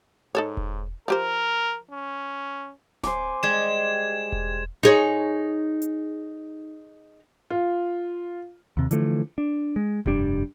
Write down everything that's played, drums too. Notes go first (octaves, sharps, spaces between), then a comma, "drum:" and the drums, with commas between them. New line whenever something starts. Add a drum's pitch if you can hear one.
G#2 D#4 A4 C#5
drum: kick E1
F3 G4 A#4 C5
C#4
C5 G#5 D6, drum: snare D1
G3 G#3 G#6 E7
drum: kick E1
D#4 G#4 C#5
drum: hi-hat
F4
D#2 C3
D3 E3 F3 A3, drum: hi-hat
D4
G#3
F1 G2 G3 D4, drum: kick E1